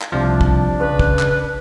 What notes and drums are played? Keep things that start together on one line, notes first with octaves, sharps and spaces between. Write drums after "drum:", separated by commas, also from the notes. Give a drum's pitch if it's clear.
drum: clap
C2 C3 F3 D4
drum: kick
C#3 B4
drum: kick
drum: clap